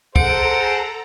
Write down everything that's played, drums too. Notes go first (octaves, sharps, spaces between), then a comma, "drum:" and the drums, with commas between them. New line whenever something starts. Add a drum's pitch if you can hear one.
G#4 A4 C5 F#5 A#5 D7, drum: kick